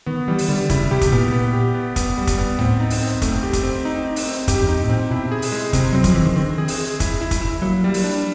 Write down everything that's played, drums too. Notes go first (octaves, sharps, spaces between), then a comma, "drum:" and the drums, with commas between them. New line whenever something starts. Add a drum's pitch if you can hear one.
D#3 B3
E3 G3
drum: open hi-hat
D3 G3
C#3 E4, drum: kick, hi-hat
C3 G4
drum: kick, hi-hat
A#2 B3
B3
G4
B3
B3, drum: kick, hi-hat
G3
drum: kick, hi-hat
B3
A2 C4, drum: tom C#2
D#4
drum: open hi-hat
C4
A3, drum: kick, hi-hat
G4
drum: kick, hi-hat
C4
D#4
D#4
drum: open hi-hat
C4
G2 G4, drum: kick, hi-hat
E2
F2 D#4
A2
A#2 C4
B2 E4
G#4
drum: open hi-hat
G#3
C3 C4, drum: kick, hi-hat
F#3 C4
F3, drum: kick, hi-hat
E3 C4
D#3
D3 C4
G#4
drum: open hi-hat
G#4
E4, drum: kick, hi-hat
E4
drum: kick, hi-hat
E4
F#3 A#3
G3
drum: open hi-hat
D4